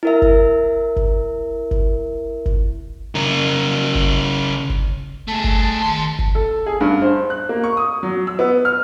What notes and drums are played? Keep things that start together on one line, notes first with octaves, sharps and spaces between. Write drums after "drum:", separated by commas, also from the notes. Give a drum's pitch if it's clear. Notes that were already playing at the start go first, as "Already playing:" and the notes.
E4 A#4 E5
drum: kick F#1
drum: kick F#1
drum: kick F#1
drum: kick F#1
C#3 A#4
drum: kick F#1
drum: kick F#1
A3 G#4 A5
drum: kick F#1
D#3 C6
drum: kick F#1
A4
G#4
G2
C5
F#6
A#3
C#6
D#6
F#3
E6
B3
F6